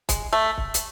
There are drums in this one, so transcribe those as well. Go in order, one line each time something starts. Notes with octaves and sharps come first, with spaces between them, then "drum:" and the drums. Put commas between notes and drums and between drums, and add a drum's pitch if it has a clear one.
G#3, drum: kick, hi-hat
A3
drum: kick
drum: hi-hat